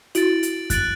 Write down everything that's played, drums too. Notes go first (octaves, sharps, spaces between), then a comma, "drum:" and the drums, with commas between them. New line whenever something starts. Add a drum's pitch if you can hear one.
E4 F#4 A6 D7 F#7, drum: hi-hat
drum: hi-hat
F#6 A6 D7 F#7, drum: kick F#2, hi-hat